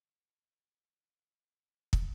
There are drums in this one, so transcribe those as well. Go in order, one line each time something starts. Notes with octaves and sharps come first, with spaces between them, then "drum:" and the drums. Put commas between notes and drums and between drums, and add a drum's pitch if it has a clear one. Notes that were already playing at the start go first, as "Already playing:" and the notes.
C#2 G2 F4 C6
drum: kick